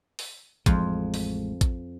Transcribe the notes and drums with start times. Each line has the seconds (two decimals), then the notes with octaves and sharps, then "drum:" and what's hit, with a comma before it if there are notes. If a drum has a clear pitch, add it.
0.19 drum: open hi-hat
0.66 A1 F2 G#3, drum: kick A1, hi-hat
1.14 drum: open hi-hat
1.61 drum: kick A1, hi-hat